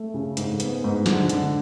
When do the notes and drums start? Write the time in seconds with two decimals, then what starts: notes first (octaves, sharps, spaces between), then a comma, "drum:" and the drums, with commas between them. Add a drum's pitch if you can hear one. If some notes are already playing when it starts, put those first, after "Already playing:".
Already playing: A3
0.14 C#3
0.37 G#2, drum: hi-hat
0.60 B3, drum: hi-hat
0.84 G#2
1.06 D3, drum: snare
1.29 D3, drum: hi-hat